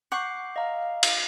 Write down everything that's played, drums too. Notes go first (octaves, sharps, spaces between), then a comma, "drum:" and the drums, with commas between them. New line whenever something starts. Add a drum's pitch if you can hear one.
F#5 C#6 D6 G6 C7
D#5 F5 A#5
drum: cymbal